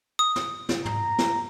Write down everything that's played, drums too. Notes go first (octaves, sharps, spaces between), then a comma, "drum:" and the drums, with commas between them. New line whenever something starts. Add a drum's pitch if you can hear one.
D#6
drum: snare
drum: snare
A#5, drum: tom
drum: snare